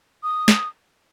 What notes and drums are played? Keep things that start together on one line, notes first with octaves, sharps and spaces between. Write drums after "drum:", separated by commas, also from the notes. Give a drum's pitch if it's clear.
D#6
drum: snare